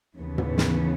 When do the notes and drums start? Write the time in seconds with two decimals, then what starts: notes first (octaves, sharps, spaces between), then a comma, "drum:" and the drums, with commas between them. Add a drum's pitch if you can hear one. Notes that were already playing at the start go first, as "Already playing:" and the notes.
0.18 D#2 C#3 E3 B3
0.38 drum: tom
0.58 drum: snare